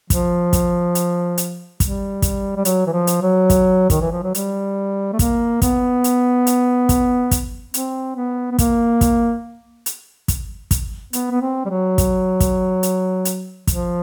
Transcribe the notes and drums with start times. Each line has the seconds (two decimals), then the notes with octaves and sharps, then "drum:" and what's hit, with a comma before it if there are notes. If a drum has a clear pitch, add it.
0.10 F3, drum: kick, hi-hat
0.53 drum: kick, hi-hat
0.95 drum: hi-hat
1.38 drum: hi-hat
1.80 G3, drum: kick, hi-hat
2.22 drum: kick, hi-hat
2.57 G3
2.65 F#3, drum: hi-hat
2.87 E3
2.93 F3
3.07 drum: hi-hat
3.22 F#3
3.50 drum: kick, hi-hat
3.90 D#3, drum: kick, hi-hat
4.01 E3
4.12 F3
4.23 F#3
4.35 G3, drum: hi-hat
5.13 A3
5.19 A#3, drum: kick, hi-hat
5.62 B3, drum: kick, hi-hat
6.04 drum: hi-hat
6.47 drum: hi-hat
6.89 drum: kick, hi-hat
7.31 drum: kick, hi-hat
7.74 C4, drum: hi-hat
8.16 B3
8.51 B3
8.59 A#3, drum: kick, hi-hat
9.01 drum: kick, hi-hat
9.86 drum: hi-hat
10.28 drum: kick, hi-hat
10.71 drum: kick, hi-hat
11.13 B3, drum: hi-hat
11.31 B3
11.41 C4
11.66 G3
11.69 F#3
11.98 drum: kick, hi-hat
12.40 drum: kick, hi-hat
12.83 drum: hi-hat
13.25 drum: hi-hat
13.67 F3, drum: kick, hi-hat